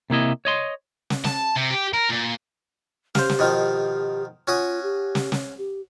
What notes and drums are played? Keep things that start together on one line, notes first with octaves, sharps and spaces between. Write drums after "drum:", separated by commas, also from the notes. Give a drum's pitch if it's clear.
C3 A#3 E4 D#5
C#5 D#5 C6
drum: snare
A5, drum: snare
C3
G4
A#4
A#2
G4 C5 F5, drum: snare
drum: snare
B2 D#3 F3
C#4 F4 F#4 D#6
G4
drum: snare
drum: snare
G4